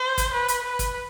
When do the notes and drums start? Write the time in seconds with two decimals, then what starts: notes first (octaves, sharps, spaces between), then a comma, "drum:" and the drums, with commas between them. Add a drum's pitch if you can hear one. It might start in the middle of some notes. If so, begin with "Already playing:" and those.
Already playing: C5
0.18 drum: kick, hi-hat
0.33 B4
0.48 drum: hi-hat
0.64 B4
0.79 drum: kick, hi-hat